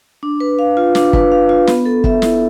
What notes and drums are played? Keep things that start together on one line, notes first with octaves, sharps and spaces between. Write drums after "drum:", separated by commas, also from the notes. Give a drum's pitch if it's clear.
D4
B4
F5
F4
D4, drum: snare
B4, drum: kick
F5
F4
B3, drum: snare
A4
E5, drum: kick
E4, drum: snare